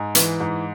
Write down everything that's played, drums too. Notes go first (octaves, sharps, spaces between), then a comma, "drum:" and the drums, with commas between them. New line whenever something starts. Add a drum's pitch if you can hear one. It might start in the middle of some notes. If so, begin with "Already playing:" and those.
Already playing: G#2 G#5
E3, drum: hi-hat
G#2